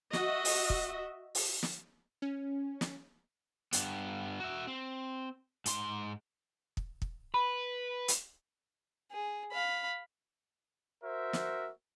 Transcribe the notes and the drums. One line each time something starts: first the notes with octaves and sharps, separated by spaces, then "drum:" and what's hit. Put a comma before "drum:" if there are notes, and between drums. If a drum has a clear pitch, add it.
F#4 D#5 E5, drum: snare
drum: open hi-hat
drum: kick
drum: open hi-hat
drum: snare
C#4
drum: snare
G2 B3, drum: hi-hat
F#4 E5
C4
G#2 C6, drum: hi-hat
drum: kick
drum: kick
B4 B5
drum: hi-hat
G#4
F5 B5
F#4 A#4 C5 E5
drum: snare